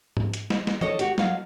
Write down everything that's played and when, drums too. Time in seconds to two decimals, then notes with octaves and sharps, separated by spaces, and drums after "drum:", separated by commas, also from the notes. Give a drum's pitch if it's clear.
0.17 drum: tom G#2
0.34 drum: hi-hat
0.50 drum: snare
0.67 drum: snare
0.81 D4 A4 C#5 D#5, drum: tom D#3
0.99 F#4 G4, drum: hi-hat
1.18 F#3 F5, drum: snare